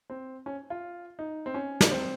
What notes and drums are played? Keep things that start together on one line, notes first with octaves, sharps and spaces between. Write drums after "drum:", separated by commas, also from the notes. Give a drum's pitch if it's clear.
C4
C#4
F4
D#4
C4
C#4
drum: snare
C4